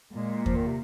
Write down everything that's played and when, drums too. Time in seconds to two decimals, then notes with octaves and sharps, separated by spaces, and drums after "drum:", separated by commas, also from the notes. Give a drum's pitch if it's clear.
0.15 A#2 G#3
0.46 F3, drum: kick E2
0.56 D#3
0.67 C3